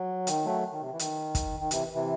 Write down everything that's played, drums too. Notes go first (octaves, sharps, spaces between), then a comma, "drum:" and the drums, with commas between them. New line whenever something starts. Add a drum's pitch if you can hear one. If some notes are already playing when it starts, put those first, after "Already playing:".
Already playing: F#3
D#3, drum: hi-hat
F#3 A3
D#3
C3
E3
D#3, drum: hi-hat
drum: kick, hi-hat
D#3
C3 E3, drum: hi-hat
C3 E3